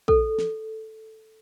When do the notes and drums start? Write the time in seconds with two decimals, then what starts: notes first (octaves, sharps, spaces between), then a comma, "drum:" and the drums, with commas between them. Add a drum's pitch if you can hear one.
0.08 A4, drum: kick
0.39 drum: snare